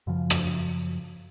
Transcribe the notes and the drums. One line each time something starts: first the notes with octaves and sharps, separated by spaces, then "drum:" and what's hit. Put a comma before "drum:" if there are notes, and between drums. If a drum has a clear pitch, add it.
F#2 C#3 F3
drum: rim click